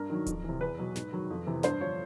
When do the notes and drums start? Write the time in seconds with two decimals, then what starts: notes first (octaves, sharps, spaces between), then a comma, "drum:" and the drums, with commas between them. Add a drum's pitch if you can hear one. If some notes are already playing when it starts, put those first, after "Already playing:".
Already playing: G2 A#4
0.10 D#3 F#3
0.26 F2, drum: kick D1, hi-hat
0.44 C3 E3
0.61 E2 B4
0.78 B2 F#3
0.96 G#2, drum: snare
1.13 D#3 F#3
1.30 F2
1.47 C3 E3
1.63 G2 C5, drum: snare
1.81 D3 F3 C#5